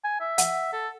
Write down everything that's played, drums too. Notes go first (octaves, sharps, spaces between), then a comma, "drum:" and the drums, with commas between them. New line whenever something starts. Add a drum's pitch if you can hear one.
G#5
E5
F#5, drum: hi-hat
A4